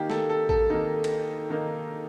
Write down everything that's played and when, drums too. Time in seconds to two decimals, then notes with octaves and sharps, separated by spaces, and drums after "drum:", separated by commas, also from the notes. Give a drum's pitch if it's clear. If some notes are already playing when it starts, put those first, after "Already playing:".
Already playing: D#3 A#3 D#4 G4
0.10 A4, drum: snare
0.29 A4
0.49 A4, drum: kick A1
0.70 D#3 A#3 D#4 A4
1.04 drum: cymbal
1.50 D#3 A#3 D#4